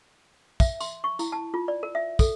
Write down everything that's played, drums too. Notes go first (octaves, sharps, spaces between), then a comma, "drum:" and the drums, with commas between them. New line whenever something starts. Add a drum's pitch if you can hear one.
E5, drum: kick, tambourine
C6, drum: tambourine
C#6
E4, drum: tambourine
A5
F4
D5
A#4
E5
A4, drum: kick, tambourine